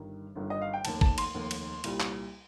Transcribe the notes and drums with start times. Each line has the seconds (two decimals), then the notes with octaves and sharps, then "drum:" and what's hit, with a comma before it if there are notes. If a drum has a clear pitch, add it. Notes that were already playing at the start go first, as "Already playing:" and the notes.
Already playing: G1 G2 D#3
0.35 G1 G2 D#3
0.50 D#5
0.61 F5
0.74 G5
0.85 F1 D#2 D#3 A5, drum: cymbal
1.01 A5, drum: kick
1.18 C6, drum: cymbal
1.34 F1 D#2 D#3
1.51 drum: cymbal
1.84 C2 A#2 G3, drum: cymbal
2.00 drum: clap